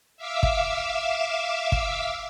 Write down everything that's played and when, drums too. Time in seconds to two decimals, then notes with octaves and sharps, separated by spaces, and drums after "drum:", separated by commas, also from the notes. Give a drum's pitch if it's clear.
0.17 E5 F5 D6 E6
0.43 drum: kick
1.72 drum: kick